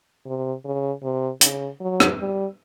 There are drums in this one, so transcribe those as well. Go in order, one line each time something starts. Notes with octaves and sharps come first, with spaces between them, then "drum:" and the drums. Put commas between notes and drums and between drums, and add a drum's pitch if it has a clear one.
C3
C#3
C3
C#3, drum: hi-hat
F#3
drum: rim click
G3